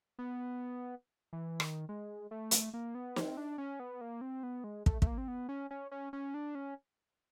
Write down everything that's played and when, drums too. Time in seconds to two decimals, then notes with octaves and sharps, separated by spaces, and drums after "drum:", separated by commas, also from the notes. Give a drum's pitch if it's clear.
0.19 B3
1.33 E3
1.60 D#3, drum: rim click
1.89 G#3
2.31 A3
2.51 drum: hi-hat
2.74 A#3
2.95 B3
3.16 C4, drum: snare
3.37 D4
3.58 C#4
3.80 B3
4.01 A#3
4.21 C4
4.43 B3
4.64 G#3
4.86 A3, drum: kick
5.02 A3, drum: kick
5.07 A#3
5.18 C4
5.28 B3
5.49 C#4
5.71 C#4
5.91 C#4
6.13 C#4
6.34 D4
6.55 C#4